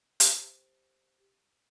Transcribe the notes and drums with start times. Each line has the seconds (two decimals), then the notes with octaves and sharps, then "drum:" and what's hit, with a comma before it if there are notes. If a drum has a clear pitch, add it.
0.20 G4 C5, drum: hi-hat